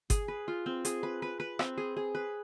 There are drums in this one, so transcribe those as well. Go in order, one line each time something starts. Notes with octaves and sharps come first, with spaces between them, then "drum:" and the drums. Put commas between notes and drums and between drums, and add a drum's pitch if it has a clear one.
G#4, drum: kick G1, hi-hat
B4
F4
C4
G#4, drum: hi-hat
B4
B4
B4
C4, drum: rim click
G#4
G#4
B4